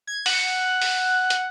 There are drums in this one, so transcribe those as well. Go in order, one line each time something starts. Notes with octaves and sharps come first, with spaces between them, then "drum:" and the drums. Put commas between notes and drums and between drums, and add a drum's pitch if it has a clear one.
G#6
F#5, drum: open hi-hat
drum: open hi-hat
drum: hi-hat